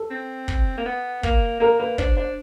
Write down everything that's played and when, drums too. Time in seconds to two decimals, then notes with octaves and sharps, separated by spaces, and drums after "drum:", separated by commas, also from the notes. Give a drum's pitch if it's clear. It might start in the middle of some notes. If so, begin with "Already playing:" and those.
Already playing: A4
0.11 C4
0.48 drum: kick
0.78 A#3
0.86 B3
1.23 A#3, drum: kick
1.60 A#3 A#4
1.79 A#3 B4
1.98 D4 C5, drum: kick
2.17 D4 C5